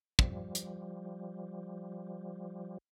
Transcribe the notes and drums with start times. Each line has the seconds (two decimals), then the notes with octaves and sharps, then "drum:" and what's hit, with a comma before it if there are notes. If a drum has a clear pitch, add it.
0.19 F3 G3, drum: kick
0.55 drum: hi-hat